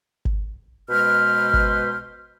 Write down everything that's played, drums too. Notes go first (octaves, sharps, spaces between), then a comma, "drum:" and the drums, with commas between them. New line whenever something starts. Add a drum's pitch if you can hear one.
drum: kick G1
B2 G#3 B4 C5 F6
drum: kick G1